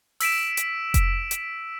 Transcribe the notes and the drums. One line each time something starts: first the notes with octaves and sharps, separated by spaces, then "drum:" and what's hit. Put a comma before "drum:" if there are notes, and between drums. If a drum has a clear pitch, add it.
E6 B6 D7 E7, drum: open hi-hat
drum: hi-hat
drum: kick F1, hi-hat
drum: hi-hat